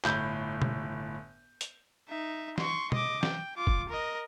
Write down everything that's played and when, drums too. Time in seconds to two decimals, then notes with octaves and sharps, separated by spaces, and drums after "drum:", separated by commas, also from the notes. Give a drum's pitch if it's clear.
0.05 G1 A2 B5 G6, drum: clap
0.62 drum: tom
1.61 drum: hi-hat
2.09 D#4 E5
2.58 C6 C#6, drum: snare
2.92 D#5 D6, drum: tom
3.23 G5, drum: snare
3.57 F4 D6
3.67 drum: kick
3.89 A#4 D#5